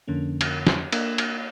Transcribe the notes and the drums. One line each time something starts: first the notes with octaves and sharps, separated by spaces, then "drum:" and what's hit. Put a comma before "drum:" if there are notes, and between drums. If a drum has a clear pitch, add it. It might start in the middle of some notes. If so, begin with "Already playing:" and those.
F2 D3 A#3 C#4
drum: cymbal
drum: snare
A#3 D4 A#4 D5 D#5 F5, drum: cymbal
drum: cymbal